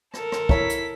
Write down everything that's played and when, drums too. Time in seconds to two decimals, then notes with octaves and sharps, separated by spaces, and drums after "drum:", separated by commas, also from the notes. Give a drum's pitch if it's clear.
0.14 A4 A#4, drum: rim click
0.32 drum: rim click
0.49 E4 C#5 A#5 B6, drum: kick
0.69 drum: hi-hat